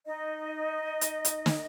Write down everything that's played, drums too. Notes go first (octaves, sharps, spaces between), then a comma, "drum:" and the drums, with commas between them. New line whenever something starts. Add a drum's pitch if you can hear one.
D#4 D#5
drum: hi-hat
drum: hi-hat
drum: snare